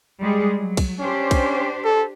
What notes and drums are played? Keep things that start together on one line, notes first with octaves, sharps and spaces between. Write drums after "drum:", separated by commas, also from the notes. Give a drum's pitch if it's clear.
G3 G#3 G#4
F#3
drum: kick, cymbal
C#4 D4 G4 C5
drum: kick, cymbal
A4